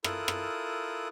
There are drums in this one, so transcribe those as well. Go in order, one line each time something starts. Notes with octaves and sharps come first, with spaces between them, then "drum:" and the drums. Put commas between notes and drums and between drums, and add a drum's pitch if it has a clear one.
E4 F4 A4 A#4 D#6 F#6, drum: rim click
drum: rim click